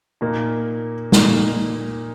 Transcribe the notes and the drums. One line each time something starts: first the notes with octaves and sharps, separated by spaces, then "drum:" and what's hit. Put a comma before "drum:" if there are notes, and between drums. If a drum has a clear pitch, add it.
A#2 A#3 D#4
A#2 A#3 D#4, drum: snare